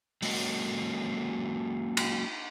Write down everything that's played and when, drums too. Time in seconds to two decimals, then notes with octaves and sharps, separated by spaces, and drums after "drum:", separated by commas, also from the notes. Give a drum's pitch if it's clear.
0.22 F#3 G#3 A#3 C#4 F#4 D#5, drum: open hi-hat
1.97 drum: cymbal